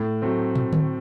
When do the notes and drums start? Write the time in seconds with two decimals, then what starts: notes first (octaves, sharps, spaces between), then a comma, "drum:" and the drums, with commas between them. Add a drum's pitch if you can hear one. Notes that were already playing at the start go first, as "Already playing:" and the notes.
Already playing: A2
0.22 F#3 A3 C4
0.56 drum: tom
0.73 drum: tom D3